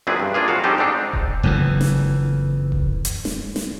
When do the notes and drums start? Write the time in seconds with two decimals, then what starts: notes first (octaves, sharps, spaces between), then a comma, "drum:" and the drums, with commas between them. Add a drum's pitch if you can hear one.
0.07 F#2 A#2 C4 D4 G#4 B4
0.20 G2
0.34 A#3 D4 F4 G#4
0.48 F2 F#4 F5
0.64 G3 C4 C#4 D#4 G4 A4
0.78 G#2 C4 D4 D#4
1.13 drum: kick D#1
1.43 F#1 F2 C3 E3
1.81 drum: snare
2.72 drum: kick D#1
3.05 drum: hi-hat
3.25 drum: snare
3.56 drum: snare